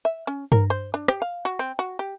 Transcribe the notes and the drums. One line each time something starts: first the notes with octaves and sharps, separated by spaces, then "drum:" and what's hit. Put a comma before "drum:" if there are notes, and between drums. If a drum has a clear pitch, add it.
E5
C#4
A#4, drum: tom G2
C5
D4
G4, drum: rim click
F5
F#4
C4
F#4
G4